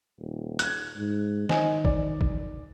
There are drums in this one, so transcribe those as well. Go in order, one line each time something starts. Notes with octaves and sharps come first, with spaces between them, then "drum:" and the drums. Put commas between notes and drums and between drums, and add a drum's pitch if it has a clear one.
D#1
F#6 G#6, drum: hi-hat
G#2
D#3 C5 D#5 G#5, drum: snare
D5, drum: kick
drum: kick